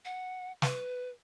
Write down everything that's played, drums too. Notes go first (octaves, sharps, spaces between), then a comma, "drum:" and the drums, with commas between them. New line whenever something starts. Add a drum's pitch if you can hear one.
F#5
B4, drum: snare